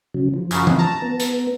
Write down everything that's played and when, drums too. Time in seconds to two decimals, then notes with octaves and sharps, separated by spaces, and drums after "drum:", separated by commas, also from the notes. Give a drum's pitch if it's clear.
0.14 C#3 F#3
0.34 F3
0.51 F#2 C#3, drum: hi-hat
0.67 drum: tom
0.79 A5 A#5
1.02 B3
1.20 drum: hi-hat